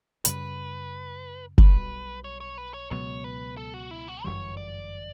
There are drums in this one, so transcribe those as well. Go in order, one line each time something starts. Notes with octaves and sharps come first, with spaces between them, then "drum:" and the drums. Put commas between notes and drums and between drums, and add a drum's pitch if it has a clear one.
F#2 C#3 G3 C#4 B4, drum: hi-hat
B1 B2 G3 B4, drum: kick F#1
C#5
C#5
B4
C#5
C#2 B2 F#3 B3 C#5
B4
A4
F#4
E4
F#4
G1 F#2 E3 G3 C#5
D5